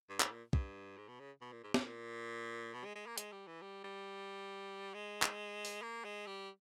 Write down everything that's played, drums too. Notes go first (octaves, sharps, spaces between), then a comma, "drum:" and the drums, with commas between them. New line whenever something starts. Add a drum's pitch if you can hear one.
G2
G#2, drum: clap
A#2
G2, drum: kick
G#2
B2
C#3
B2
A#2
G#2
G#2, drum: snare
A#2
B2
G#3
G#3
A#3
G#3, drum: hi-hat
G3
E3
G3
G3
G#3
drum: clap
drum: open hi-hat
A#3
G#3
G3